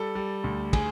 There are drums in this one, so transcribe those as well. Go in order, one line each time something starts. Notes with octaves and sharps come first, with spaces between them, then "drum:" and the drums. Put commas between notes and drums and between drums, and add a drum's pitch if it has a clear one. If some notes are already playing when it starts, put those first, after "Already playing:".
Already playing: G3 A4
G3
D2
G#4, drum: kick, cymbal